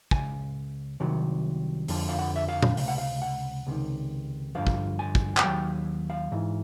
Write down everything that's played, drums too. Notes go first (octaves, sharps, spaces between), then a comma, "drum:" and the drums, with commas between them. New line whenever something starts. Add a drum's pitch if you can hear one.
C#2 C#3 G#5, drum: kick
C2 C3 D#3 F#3
F2 D3 F3, drum: open hi-hat
F5
F#5
E5
F5
drum: tom A#2
C#2 C3 F5, drum: open hi-hat
F#5
F5
F#5
C#2 C3 D#3
G2 D3 F3 F5
drum: kick
G#5
drum: kick
F#5, drum: clap
D#2 D#3 F#3 G5
F5
G#2 E3